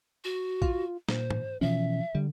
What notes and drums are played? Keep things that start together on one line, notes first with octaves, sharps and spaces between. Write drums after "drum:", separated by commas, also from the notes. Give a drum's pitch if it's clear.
F#4
F4, drum: kick A#1
A#2 C5, drum: snare
drum: tom G#2
B2 E3 F3 C#4 E5
D3 G3